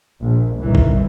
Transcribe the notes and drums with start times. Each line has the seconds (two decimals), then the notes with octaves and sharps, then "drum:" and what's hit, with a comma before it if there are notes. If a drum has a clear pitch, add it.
0.24 A#1
0.62 G1 C2 A#2 D#3 E3
0.75 drum: kick